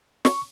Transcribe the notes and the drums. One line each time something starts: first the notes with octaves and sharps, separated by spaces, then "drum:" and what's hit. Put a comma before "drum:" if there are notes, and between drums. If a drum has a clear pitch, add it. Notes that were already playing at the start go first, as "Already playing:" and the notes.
C#6, drum: snare